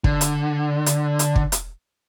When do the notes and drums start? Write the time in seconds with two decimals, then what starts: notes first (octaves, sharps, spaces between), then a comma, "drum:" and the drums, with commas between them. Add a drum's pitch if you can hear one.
0.04 D3, drum: kick
0.21 drum: hi-hat
0.86 drum: hi-hat
1.19 drum: hi-hat
1.36 drum: kick
1.52 drum: hi-hat